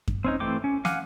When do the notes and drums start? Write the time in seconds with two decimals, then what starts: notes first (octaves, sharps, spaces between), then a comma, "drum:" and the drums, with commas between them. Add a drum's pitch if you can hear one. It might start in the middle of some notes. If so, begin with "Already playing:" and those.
0.08 drum: kick F#2
0.24 C4 C#4 D#4
0.40 E3 A3 C4 G5 D6
0.64 C#4
0.85 F5 F#5 G#5 D6 F6, drum: snare